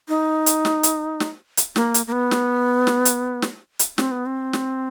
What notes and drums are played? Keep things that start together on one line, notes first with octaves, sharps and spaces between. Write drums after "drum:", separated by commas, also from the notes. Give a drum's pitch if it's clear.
D#4
drum: hi-hat
drum: snare
drum: hi-hat
drum: snare
drum: hi-hat
A#3, drum: snare
drum: hi-hat
A#3
B3
drum: snare
drum: snare
drum: hi-hat
drum: snare
drum: hi-hat
C4, drum: snare
B3
C4
drum: snare